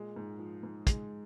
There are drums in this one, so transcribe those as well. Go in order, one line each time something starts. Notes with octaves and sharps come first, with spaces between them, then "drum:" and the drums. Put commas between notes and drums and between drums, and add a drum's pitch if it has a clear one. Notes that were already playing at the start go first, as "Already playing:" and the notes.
Already playing: A#2 G#3
G#2
F3
G#2
G#3, drum: kick, hi-hat